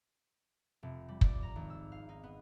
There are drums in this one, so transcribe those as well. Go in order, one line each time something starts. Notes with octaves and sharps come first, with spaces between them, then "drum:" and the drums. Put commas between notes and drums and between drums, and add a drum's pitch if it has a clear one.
F1
G3
D5, drum: kick
A#5
G#1
E6
F5
D#4
B3